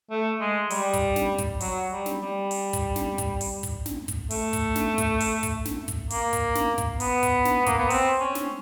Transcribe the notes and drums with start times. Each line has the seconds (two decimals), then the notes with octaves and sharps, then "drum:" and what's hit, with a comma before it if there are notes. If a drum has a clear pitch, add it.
0.10 A3
0.40 G#3
0.70 G3, drum: open hi-hat
0.93 drum: kick, hi-hat
1.16 drum: snare
1.38 drum: kick, hi-hat
1.60 F#3, drum: open hi-hat
1.91 G3
2.06 drum: snare
2.21 G3
2.51 drum: open hi-hat
2.73 drum: kick, hi-hat
2.96 drum: snare
3.18 drum: kick, hi-hat
3.41 drum: open hi-hat
3.63 drum: kick, hi-hat
3.86 drum: snare
4.08 drum: kick, hi-hat
4.30 A3, drum: open hi-hat
4.53 drum: kick, hi-hat
4.75 drum: snare
4.98 drum: kick, hi-hat
5.20 drum: open hi-hat
5.43 drum: kick, hi-hat
5.65 drum: snare
5.88 drum: kick, hi-hat
6.10 A#3, drum: open hi-hat
6.33 drum: kick, hi-hat
6.55 drum: snare
6.78 drum: kick, hi-hat
7.00 B3, drum: open hi-hat
7.23 drum: kick, hi-hat
7.45 drum: snare
7.66 A#3, drum: kick, hi-hat
7.78 B3
7.90 C4, drum: open hi-hat
8.20 C#4
8.35 drum: snare